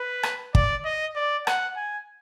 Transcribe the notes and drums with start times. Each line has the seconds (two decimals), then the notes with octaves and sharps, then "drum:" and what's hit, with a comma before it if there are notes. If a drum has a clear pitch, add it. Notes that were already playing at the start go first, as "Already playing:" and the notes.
Already playing: B4
0.23 drum: rim click
0.55 D5, drum: kick
0.85 D#5
1.16 D5
1.47 F#5, drum: rim click
1.77 G#5